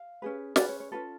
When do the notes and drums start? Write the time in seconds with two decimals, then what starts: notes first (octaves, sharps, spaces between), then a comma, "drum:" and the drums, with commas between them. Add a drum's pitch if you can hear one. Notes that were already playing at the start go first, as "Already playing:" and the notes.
Already playing: F5
0.22 C#4 G#4 B4
0.56 C#4 D4 G#4 B4 D5, drum: snare
0.69 C#5
0.80 C#5
0.92 C#4 F4 A4 B4